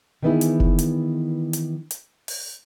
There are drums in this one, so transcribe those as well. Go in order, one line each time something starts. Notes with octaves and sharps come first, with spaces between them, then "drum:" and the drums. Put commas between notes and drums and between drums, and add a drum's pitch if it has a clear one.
D#3 E3 B3 D#4 E4 G#4
drum: hi-hat
drum: kick F1
drum: hi-hat
drum: hi-hat
drum: hi-hat
drum: open hi-hat